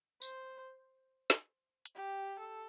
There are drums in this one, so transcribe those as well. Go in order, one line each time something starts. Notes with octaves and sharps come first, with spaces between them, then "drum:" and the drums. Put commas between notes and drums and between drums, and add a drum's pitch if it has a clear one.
C5, drum: tambourine
drum: snare
drum: hi-hat
G4
A4